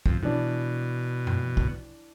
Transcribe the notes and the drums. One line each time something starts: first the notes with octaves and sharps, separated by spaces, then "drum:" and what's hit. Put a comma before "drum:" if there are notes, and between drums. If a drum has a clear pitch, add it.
F2, drum: kick B1
B2 E3 D4
drum: tom
drum: kick B1